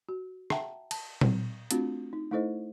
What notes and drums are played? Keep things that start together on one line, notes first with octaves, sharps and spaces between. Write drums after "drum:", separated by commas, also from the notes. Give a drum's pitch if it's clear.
F#4
E5 F#5 G5 A5 A#5, drum: rim click
A5, drum: cymbal
drum: tom A#2
A3 C4 D4 F4 F#4, drum: hi-hat
D#4
A3 D#4 E4 A4 C5 D#5